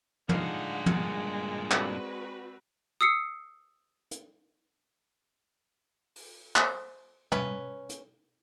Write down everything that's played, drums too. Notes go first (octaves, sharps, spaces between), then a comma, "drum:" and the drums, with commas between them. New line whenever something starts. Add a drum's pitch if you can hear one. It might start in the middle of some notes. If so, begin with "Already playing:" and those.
D3 G#3 D4 D#4 F4 F5 F#5, drum: tom
G2 A#2, drum: tom
C4 F#4 B4 D5, drum: clap
D#6 E6 C7 C#7
drum: hi-hat
drum: open hi-hat
C5, drum: clap
C#4 B4, drum: tom
drum: hi-hat